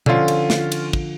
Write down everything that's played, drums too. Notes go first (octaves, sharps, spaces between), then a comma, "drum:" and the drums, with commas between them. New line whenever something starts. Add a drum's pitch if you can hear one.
D3 F3 C#4 F4, drum: tom B2
drum: cymbal
drum: snare
drum: cymbal
drum: kick